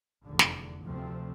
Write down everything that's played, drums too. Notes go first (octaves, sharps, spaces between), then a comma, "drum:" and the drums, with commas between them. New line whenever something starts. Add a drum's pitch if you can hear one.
F1 E2 D3
drum: snare
D2 C3 F3 A3 C4